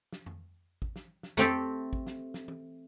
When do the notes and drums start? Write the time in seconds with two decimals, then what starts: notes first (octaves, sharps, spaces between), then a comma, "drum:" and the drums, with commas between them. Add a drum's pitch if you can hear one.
0.13 drum: snare
0.26 drum: tom F2
0.82 drum: kick
0.96 drum: snare
1.23 drum: snare
1.37 A3 C4 G4 A4, drum: tom F2
1.93 drum: kick
2.07 drum: snare
2.34 drum: snare
2.48 drum: tom E3